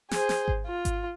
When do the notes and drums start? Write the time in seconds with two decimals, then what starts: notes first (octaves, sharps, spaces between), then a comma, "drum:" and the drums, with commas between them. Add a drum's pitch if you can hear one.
0.11 G#4 C5, drum: snare
0.29 drum: snare
0.48 drum: kick G#1
0.66 F4
0.85 drum: kick G#1, hi-hat